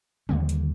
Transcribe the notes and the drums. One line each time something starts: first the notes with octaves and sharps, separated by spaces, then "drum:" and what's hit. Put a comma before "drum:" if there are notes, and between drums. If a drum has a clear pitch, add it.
D#2 D3 G3, drum: tom
drum: hi-hat